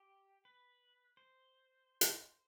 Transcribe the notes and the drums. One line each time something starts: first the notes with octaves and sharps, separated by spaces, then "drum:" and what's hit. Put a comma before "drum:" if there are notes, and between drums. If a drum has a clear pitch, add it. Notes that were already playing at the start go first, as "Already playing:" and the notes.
Already playing: G4
B4
C5
drum: hi-hat